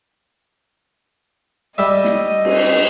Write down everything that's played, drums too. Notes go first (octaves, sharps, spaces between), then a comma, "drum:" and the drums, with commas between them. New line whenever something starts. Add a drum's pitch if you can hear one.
G3 D#5 E5
drum: snare
drum: cymbal